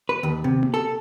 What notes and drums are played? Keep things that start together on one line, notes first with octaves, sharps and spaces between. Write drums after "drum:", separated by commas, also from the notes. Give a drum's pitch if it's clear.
B4
D#2
C3
drum: tom A#3
A4